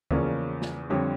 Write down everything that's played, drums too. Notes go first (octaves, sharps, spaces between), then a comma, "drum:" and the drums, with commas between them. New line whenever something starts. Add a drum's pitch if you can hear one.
E2 C#3 F3 A#3 C#4 D5, drum: kick D2
drum: snare
F2 D3 G3 C4 C#5